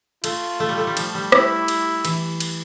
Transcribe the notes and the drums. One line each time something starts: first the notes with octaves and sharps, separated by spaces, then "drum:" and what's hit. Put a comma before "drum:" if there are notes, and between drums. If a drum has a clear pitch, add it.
A3 F4, drum: cymbal
A3
G3
A3
G3
F3, drum: cymbal
G3
E4, drum: rim click
drum: cymbal
E3, drum: cymbal
drum: cymbal